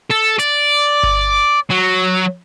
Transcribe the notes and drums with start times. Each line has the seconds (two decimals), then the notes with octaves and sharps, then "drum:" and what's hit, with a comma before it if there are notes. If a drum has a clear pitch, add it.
0.11 A4
0.39 D5, drum: hi-hat
1.03 drum: kick G1
1.70 F#3